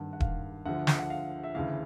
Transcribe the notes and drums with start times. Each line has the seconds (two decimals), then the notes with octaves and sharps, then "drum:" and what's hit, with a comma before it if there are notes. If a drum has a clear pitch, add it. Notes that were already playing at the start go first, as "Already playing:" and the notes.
Already playing: G#1 G2 D#3 F#5
0.13 F#5
0.20 F5, drum: kick D#1
0.66 D2 D3 F3 F#5
0.87 drum: snare
0.99 F#5
1.10 F5
1.43 E5
1.55 D2 C#3 E3 F5